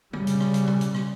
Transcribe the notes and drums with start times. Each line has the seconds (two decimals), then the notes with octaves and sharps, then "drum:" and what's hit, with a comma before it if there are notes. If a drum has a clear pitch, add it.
0.13 C#3 G3, drum: tom
0.27 drum: hi-hat
0.40 drum: rim click
0.54 drum: hi-hat
0.67 drum: tom A#2
0.81 drum: hi-hat
0.94 drum: rim click